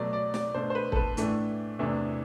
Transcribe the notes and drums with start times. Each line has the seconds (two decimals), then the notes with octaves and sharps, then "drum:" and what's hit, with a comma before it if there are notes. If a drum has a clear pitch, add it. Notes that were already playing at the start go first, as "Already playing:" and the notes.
Already playing: B2 F#3 A3 D5
0.13 D5
0.34 D5, drum: snare
0.54 B2 A3 D4 C5
0.70 C5
0.75 B4
0.92 A4, drum: kick
0.96 B4
1.17 A2 E3 A3 D4, drum: hi-hat
1.79 E2 C3 E3 A3 D4